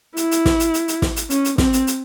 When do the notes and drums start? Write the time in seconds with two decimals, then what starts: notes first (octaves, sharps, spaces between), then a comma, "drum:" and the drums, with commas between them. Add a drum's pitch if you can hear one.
0.17 E4, drum: hi-hat
0.31 drum: hi-hat
0.46 drum: snare
0.60 drum: hi-hat
0.74 drum: hi-hat
0.88 drum: hi-hat
1.02 drum: snare
1.16 drum: hi-hat
1.30 C#4, drum: hi-hat
1.45 drum: hi-hat
1.58 C4, drum: snare
1.73 drum: hi-hat
1.87 drum: hi-hat